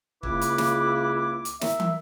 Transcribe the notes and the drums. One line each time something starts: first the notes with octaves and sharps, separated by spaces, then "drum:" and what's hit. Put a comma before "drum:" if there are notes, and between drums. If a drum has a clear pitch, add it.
C#2 C#3 A#3 E4 B4 D6, drum: kick
drum: hi-hat
drum: snare
drum: hi-hat
A#4 E5, drum: snare
drum: tom